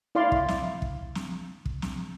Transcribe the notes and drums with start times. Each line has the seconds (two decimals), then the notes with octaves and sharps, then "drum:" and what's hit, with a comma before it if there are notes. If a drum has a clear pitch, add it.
0.15 E4 D5 F5 C6
0.32 drum: kick
0.48 drum: snare
0.82 drum: kick
1.15 drum: snare
1.65 drum: kick
1.82 drum: snare